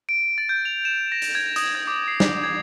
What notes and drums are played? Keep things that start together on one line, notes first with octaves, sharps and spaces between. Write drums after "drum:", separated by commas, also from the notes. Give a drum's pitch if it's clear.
D7
A6
G6
F7
E7
A#6
drum: hi-hat
G#6
D#6, drum: hi-hat
G#6
D6
C7
drum: snare
G#6